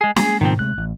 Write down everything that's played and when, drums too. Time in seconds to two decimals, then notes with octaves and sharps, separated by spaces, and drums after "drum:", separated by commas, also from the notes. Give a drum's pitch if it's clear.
0.01 G#3 G#4
0.16 G#3 A#3 G#4, drum: snare
0.41 G#2 B2 D#3 F3 G3 C4
0.59 C3 G#3 A3 F#6
0.77 A1